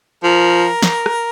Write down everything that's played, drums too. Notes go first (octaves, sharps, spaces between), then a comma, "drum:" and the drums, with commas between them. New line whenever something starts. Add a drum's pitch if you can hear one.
F3 A#4
drum: snare
drum: rim click